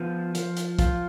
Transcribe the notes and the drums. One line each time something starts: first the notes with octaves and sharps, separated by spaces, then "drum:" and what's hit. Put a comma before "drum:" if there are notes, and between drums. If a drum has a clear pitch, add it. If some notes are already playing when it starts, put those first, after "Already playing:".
Already playing: F3 B3
F3, drum: hi-hat
drum: hi-hat
F4, drum: kick B1, hi-hat